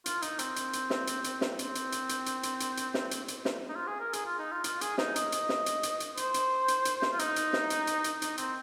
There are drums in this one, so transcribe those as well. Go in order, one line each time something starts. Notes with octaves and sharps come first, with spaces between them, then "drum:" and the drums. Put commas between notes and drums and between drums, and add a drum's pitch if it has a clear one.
F4, drum: hi-hat
D#4, drum: hi-hat
C4, drum: hi-hat
drum: hi-hat
drum: hi-hat
drum: snare
drum: hi-hat
drum: hi-hat
drum: snare
C4, drum: hi-hat
drum: hi-hat
drum: hi-hat
drum: hi-hat
drum: hi-hat
drum: hi-hat
drum: hi-hat
drum: hi-hat
drum: snare
drum: hi-hat
drum: hi-hat
drum: snare
D#4
F4
G#4
A#4
G#4, drum: hi-hat
F4
D#4
F4
F4, drum: hi-hat
G#4, drum: hi-hat
D#4, drum: snare
D#5, drum: hi-hat
drum: hi-hat
drum: snare
drum: hi-hat
drum: hi-hat
drum: hi-hat
C5, drum: hi-hat
drum: hi-hat
drum: hi-hat
drum: hi-hat
drum: snare
F4
D#4, drum: hi-hat
drum: hi-hat
drum: snare
drum: hi-hat
drum: hi-hat
drum: hi-hat
D#4, drum: hi-hat
C4, drum: hi-hat